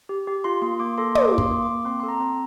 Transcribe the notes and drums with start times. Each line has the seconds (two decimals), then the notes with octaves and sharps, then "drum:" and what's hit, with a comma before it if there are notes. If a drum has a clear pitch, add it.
0.09 G4
0.27 G4
0.44 F4 C6
0.62 A#3 C6
0.80 A#3 D6
0.98 A4 C6
1.15 A#3 D6, drum: tom
1.32 A#3 D6
1.38 C6, drum: kick
1.51 A#3
1.62 D6
1.67 A#3
1.85 C4 C6
2.00 A4 C6
2.08 A#5
2.20 C4